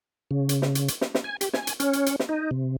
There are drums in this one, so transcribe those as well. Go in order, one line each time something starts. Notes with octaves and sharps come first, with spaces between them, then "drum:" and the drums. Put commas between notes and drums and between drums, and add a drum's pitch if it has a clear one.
C#3
drum: hi-hat
drum: snare
drum: hi-hat
drum: hi-hat
drum: snare
drum: snare
G#5
G4, drum: hi-hat
G#5, drum: snare
drum: hi-hat
C#4, drum: hi-hat
drum: hi-hat
drum: hi-hat
drum: snare
D#4
C3